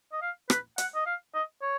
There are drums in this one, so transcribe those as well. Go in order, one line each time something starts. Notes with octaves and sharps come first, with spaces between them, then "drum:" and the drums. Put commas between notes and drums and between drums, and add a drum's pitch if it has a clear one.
D#5
F5
B4, drum: rim click
F#5, drum: hi-hat
D#5
F5
D#5
C#5